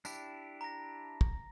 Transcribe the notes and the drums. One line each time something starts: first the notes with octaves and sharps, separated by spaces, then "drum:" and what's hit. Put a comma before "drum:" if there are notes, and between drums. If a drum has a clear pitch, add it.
D4 E4 G4, drum: tambourine
A#5 A#6
drum: kick